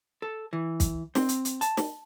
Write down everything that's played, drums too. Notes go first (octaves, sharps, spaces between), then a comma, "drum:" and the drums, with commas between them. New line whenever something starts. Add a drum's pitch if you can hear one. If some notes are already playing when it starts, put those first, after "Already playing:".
A4
E3
drum: kick, hi-hat
C4, drum: snare
drum: hi-hat
drum: hi-hat
A5, drum: hi-hat
drum: snare